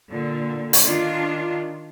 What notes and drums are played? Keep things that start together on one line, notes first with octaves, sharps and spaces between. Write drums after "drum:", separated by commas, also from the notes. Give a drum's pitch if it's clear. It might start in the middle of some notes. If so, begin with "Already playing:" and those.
A#2 D3
drum: open hi-hat
D#3 D4 F4